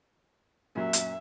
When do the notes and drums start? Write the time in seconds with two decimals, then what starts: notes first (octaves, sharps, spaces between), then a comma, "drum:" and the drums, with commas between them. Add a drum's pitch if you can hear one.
0.75 F#2 A#2 F#3 E5
0.93 drum: hi-hat